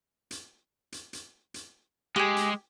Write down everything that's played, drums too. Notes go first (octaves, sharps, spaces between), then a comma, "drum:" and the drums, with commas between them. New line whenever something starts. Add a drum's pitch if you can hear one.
drum: hi-hat
drum: hi-hat
drum: hi-hat
drum: hi-hat
G#3 G4 G#4
drum: hi-hat